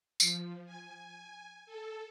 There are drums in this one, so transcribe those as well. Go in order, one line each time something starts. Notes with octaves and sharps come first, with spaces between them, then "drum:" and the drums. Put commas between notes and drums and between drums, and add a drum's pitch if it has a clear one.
F3, drum: tambourine
G#5
G#5
A4